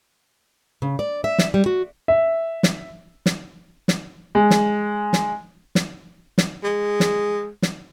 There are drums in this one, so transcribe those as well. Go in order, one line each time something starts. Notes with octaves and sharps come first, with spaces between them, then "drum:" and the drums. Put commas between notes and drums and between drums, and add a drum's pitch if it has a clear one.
C#3
D5
E5
drum: snare
G3
F#4
E5
drum: snare
drum: snare
drum: snare
G#3
drum: snare
drum: snare
drum: snare
drum: snare
G#3
drum: snare
drum: snare